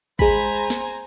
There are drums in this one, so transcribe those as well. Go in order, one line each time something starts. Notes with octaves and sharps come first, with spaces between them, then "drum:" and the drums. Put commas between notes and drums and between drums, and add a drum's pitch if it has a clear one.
G#3 C5 G#5 A#5 B5, drum: kick
drum: snare